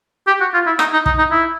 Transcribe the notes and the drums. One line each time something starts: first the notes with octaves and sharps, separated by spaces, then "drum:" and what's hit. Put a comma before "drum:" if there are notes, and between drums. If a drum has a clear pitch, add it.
G4
F#4
F4
E4
D#4, drum: rim click
D#4
D#4, drum: kick
D#4
E4